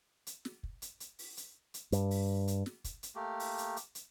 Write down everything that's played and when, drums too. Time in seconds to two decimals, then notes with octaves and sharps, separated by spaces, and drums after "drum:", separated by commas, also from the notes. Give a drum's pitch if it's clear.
0.27 drum: hi-hat
0.45 drum: snare
0.63 drum: kick
0.82 drum: hi-hat
1.00 drum: hi-hat
1.19 drum: open hi-hat
1.37 drum: hi-hat
1.74 drum: hi-hat
1.92 G2, drum: hi-hat
2.11 drum: open hi-hat
2.48 drum: hi-hat
2.66 drum: snare
2.84 drum: kick, hi-hat
3.03 drum: hi-hat
3.16 A3 A#3 G4
3.40 drum: open hi-hat
3.58 drum: hi-hat
3.76 drum: hi-hat
3.95 drum: hi-hat